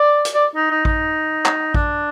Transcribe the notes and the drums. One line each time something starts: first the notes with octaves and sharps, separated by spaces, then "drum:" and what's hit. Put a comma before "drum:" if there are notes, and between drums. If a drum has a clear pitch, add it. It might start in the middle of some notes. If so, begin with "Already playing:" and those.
Already playing: D5
drum: hi-hat
D5
D#4
D#4
D#4, drum: kick A1
D#4, drum: clap
D4, drum: kick A1